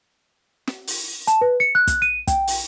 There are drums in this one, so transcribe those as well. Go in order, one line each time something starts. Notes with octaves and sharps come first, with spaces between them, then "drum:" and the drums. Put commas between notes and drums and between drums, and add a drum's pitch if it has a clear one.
drum: snare
drum: open hi-hat
A5, drum: hi-hat
B4
C#7
F#6
drum: kick, hi-hat
D#7
G5, drum: kick, hi-hat
drum: open hi-hat